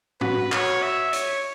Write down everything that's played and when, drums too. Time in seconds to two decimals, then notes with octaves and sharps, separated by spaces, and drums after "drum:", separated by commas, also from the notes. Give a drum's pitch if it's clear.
0.21 F#4 B4, drum: tom G#2
0.52 F#4 C#5, drum: clap
0.82 E5
1.13 C#5, drum: hi-hat